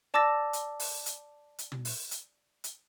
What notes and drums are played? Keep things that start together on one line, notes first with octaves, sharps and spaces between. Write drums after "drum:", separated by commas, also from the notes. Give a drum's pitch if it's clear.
D5 A5 D6 E6 A6 A#6
drum: hi-hat
drum: open hi-hat
drum: hi-hat
drum: hi-hat
drum: tom
drum: open hi-hat
drum: hi-hat
drum: hi-hat